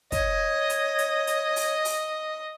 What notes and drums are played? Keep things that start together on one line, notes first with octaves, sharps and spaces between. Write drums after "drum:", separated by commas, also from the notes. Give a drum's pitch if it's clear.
C#5 D#5, drum: kick, hi-hat
drum: hi-hat
drum: hi-hat
drum: hi-hat
drum: open hi-hat
drum: open hi-hat